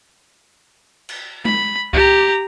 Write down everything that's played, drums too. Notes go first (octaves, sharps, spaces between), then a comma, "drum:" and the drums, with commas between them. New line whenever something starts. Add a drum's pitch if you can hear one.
drum: cymbal
B5, drum: tom G#3
G4 A#5, drum: kick C2